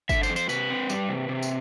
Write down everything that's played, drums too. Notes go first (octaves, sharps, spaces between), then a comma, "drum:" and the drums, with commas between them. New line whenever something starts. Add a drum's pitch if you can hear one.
D3 E5, drum: kick, tambourine
C5, drum: tambourine
F2
C5, drum: tambourine
C3 B4, drum: tambourine
C4
G3, drum: tambourine
C3
C3
drum: tambourine